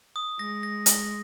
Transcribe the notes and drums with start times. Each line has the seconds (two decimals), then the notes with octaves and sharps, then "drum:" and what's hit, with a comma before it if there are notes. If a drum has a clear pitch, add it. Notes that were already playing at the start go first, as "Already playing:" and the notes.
0.16 D#6
0.39 G#3 A#6
0.63 A#6
0.86 A#6, drum: hi-hat